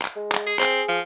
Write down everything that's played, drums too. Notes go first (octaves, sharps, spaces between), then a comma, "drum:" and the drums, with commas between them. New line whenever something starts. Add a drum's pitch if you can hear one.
drum: clap
G#3
drum: clap
G#4
C4 G#4, drum: clap
F3